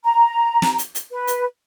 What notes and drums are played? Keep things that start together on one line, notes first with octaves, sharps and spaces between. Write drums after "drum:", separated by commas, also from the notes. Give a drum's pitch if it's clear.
A#5
drum: snare
drum: hi-hat
drum: hi-hat
B4
drum: hi-hat